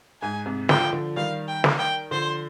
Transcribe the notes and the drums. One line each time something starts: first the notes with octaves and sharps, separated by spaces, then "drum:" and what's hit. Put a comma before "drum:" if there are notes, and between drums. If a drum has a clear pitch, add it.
G#2 G#5
G#2 C3
D3 F3 G5, drum: snare
D3 F3
D#3 G3 F5
G5
drum: snare
G5
D3 F3 C5